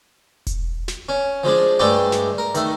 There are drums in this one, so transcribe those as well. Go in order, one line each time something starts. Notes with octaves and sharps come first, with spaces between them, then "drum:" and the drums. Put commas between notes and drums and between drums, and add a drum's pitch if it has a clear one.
drum: kick E1, hi-hat
drum: snare
C#4
F3 G#3 D4
G2 G#3 A3 D4 G4 G5
drum: snare
A#4
D#3 A3, drum: hi-hat